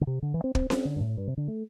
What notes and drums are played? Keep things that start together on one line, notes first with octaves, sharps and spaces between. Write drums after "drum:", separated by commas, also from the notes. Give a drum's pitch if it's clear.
D3
C3
D3
E3
C4
C4, drum: kick
C4, drum: snare C#4
D3
G2
A2
G2
C3
D3
A3